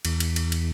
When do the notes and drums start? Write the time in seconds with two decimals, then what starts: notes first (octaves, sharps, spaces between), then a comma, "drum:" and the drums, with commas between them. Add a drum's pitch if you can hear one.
0.05 E2, drum: cymbal
0.20 drum: cymbal
0.36 drum: cymbal
0.52 drum: cymbal